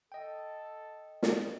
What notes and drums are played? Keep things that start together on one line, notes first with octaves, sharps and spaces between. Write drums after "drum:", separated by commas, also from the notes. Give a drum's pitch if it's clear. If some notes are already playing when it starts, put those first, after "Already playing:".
A4 D#5 G5
drum: snare